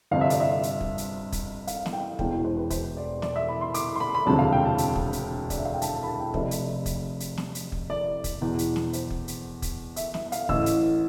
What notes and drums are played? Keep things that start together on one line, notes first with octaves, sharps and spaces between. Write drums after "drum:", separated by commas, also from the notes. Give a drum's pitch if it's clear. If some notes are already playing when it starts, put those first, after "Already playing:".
G1 F2 C3 F5
E5
D5, drum: hi-hat
E5
drum: hi-hat
drum: kick
drum: hi-hat
drum: kick, hi-hat
F5, drum: hi-hat
F5, drum: snare
G5
E1 E2 B2 G5, drum: kick
G5
C5
B4
C5, drum: kick, hi-hat
D5
D5, drum: snare
E5
B5
C6
D6, drum: hi-hat
C6
B5
B5
E1 D2 C3 F3 A5
F5
G5
A5
drum: hi-hat
drum: kick
drum: hi-hat
D5, drum: kick, hi-hat
E5
F5
G5
A5, drum: hi-hat
A5
B5
A5
G5
F1 F2 C3 E5, drum: kick
drum: hi-hat
drum: kick, hi-hat
drum: hi-hat
drum: snare
drum: hi-hat
drum: kick
D5
drum: kick, hi-hat
E2 B2
drum: hi-hat
drum: snare
C5, drum: hi-hat
drum: kick
drum: hi-hat
drum: kick, hi-hat
E5, drum: hi-hat
E5, drum: snare
F5, drum: hi-hat
A1 A2 E3 E6, drum: kick
drum: hi-hat